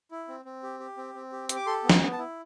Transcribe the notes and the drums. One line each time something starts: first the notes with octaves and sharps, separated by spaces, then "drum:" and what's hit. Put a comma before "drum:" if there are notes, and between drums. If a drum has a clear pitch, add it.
E4
C4
C4
G4
G4
C4
C4
G4
G4, drum: hi-hat
D6
A4 C6
B3
C6, drum: snare
B3
A5
E4